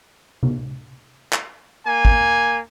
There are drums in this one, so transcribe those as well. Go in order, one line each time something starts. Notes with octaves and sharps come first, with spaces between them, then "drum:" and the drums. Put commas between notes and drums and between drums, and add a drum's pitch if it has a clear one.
drum: tom C3
drum: clap
A#3 G#5
drum: kick